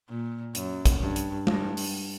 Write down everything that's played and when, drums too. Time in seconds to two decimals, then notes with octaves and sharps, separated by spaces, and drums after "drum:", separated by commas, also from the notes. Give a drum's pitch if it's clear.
0.09 A#2
0.55 F#2, drum: hi-hat
0.85 drum: kick, hi-hat
1.01 G2
1.16 drum: hi-hat
1.47 G2, drum: tom G#3
1.77 drum: open hi-hat